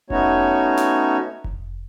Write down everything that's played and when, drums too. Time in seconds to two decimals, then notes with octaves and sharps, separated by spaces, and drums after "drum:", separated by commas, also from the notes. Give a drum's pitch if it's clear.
0.10 A3 B3 C#4 D#4 F#4 C#5, drum: kick F1
0.77 drum: snare
1.44 drum: kick F1